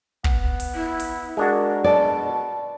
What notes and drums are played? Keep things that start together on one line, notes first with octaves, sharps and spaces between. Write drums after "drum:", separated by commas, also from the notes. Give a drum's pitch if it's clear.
B3, drum: kick
drum: open hi-hat
E4
drum: open hi-hat
G#3 D4 F#4 A#4
B2 D5 A5